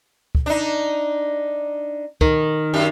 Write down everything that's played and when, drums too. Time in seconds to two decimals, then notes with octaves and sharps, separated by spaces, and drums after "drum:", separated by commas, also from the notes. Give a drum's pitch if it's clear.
0.35 drum: kick C#2
0.46 D4 D#4
2.21 D#3, drum: kick C#2
2.73 F#2 G3